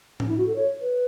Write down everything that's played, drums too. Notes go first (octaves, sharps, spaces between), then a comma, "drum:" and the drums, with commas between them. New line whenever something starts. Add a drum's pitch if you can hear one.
C#4, drum: tom A2
E4
F#4
A4
C#5
B4